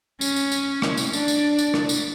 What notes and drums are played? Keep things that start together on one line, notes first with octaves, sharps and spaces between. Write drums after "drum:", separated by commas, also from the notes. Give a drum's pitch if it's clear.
C#4, drum: tambourine
drum: tambourine
drum: tambourine
drum: rim click
drum: tambourine
D4, drum: tambourine
drum: tambourine
drum: tambourine
drum: rim click
drum: tambourine